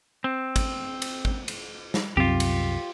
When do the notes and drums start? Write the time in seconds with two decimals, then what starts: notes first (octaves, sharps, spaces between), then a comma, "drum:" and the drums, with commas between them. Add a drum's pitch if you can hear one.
0.24 C4
0.56 drum: kick, cymbal
1.02 drum: cymbal
1.25 drum: kick
1.48 drum: cymbal
1.94 drum: snare
2.17 C2 F#2 C4 F4 G4
2.40 drum: cymbal